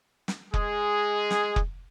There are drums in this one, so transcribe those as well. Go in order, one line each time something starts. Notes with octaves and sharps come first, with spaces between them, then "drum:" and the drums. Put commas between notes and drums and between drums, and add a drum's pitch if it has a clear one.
drum: snare
G#3 G#4, drum: kick F1
drum: snare
drum: kick F1